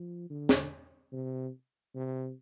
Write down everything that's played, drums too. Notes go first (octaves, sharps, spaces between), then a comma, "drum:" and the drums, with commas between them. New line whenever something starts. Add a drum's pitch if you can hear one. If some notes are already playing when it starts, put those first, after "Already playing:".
Already playing: F3
D3
drum: snare
C3
C3